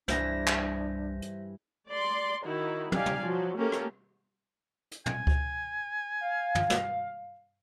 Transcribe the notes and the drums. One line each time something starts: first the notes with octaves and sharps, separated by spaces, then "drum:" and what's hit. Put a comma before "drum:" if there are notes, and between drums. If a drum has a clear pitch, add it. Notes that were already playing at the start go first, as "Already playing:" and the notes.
C2 G2 E3 D4 C5 E5 A#6, drum: snare
drum: clap
drum: hi-hat
D5 C6
D#3 D#4 E4 F#4
D#4 G4 D5 F5 G#5, drum: tom
drum: tom
F3 F#3
A3 A#3 C#4 G4 A4 A#4
drum: rim click
drum: hi-hat
G#5, drum: tom
drum: kick C#2
F5
drum: tom
drum: snare